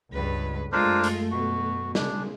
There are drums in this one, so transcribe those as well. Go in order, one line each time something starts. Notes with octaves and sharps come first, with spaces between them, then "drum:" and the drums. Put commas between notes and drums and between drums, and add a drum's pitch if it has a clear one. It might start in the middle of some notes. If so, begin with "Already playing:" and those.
C#2 G2 B4
F#2 G#3 A3 D4 F4 A#4 C5
drum: hi-hat
B2 F#4
C#3 G#3 D4, drum: snare